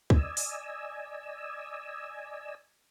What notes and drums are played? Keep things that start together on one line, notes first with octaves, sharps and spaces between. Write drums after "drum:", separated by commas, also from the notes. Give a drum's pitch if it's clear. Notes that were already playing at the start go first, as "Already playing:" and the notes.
D5 D#5 G#5 E6, drum: kick
drum: open hi-hat